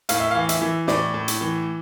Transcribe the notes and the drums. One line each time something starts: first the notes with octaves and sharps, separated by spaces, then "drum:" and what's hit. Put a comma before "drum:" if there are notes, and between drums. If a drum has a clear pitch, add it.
A2 F5, drum: hi-hat
E5
E3 F5
E5, drum: hi-hat
E3
A2 D5, drum: snare
A2
drum: hi-hat
E3